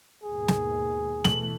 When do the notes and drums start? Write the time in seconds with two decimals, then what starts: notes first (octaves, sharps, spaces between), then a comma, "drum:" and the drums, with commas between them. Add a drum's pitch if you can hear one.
0.23 D#2 G#2 B2 G#4
0.48 drum: snare
1.24 B2 E3 A3 F#7, drum: snare